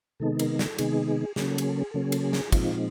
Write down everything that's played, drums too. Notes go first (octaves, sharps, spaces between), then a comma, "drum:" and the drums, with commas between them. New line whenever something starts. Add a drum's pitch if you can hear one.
C3 D#3 G#3 B3 D#4 A4
A#4, drum: cymbal
A4, drum: snare
C3 D#3 G#3 B3 D#4 G#4, drum: cymbal
G#4
C#3 F#3 A#3 C#4 G#4, drum: snare
A4
G#4, drum: cymbal
A4
G#4
C#3 F#3 A#3 C#4 A4
G#4
A4, drum: cymbal
G#4
drum: snare
A#2 F3 G#3 C4 D#4 F4, drum: kick, cymbal